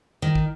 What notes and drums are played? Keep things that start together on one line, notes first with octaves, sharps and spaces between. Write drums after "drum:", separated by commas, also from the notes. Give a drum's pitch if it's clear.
D#3
drum: kick